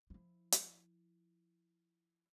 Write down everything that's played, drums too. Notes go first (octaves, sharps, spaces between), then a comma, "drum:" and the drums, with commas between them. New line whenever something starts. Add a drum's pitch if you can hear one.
F3 E4
drum: hi-hat